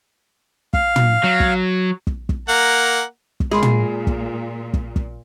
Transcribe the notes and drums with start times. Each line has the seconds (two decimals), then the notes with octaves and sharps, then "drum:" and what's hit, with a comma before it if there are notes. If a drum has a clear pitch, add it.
0.74 F5, drum: kick
0.96 drum: tom
1.24 F#3
1.40 drum: kick
2.07 drum: kick
2.29 drum: kick
2.49 A#3 F#5 A#5
3.40 drum: kick
3.51 A#2 G#3 G#4 B5 C6
3.63 drum: tom
4.07 drum: kick
4.74 drum: kick
4.96 drum: kick